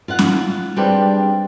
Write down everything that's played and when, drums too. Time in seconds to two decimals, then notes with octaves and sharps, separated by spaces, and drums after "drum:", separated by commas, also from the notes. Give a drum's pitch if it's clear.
0.08 F4 F5 F#5
0.19 drum: snare C#4
0.76 G3 C4 D4 G4 G#4 B4